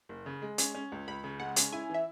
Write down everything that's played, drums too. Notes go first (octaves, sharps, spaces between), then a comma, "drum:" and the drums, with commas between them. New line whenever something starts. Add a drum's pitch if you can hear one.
F#1
C#3
G#3
C#4, drum: hi-hat
C#4
C#2
C#2 B5
C#3
G#3 F#5
C#4, drum: hi-hat
E4 G#5
E3 E5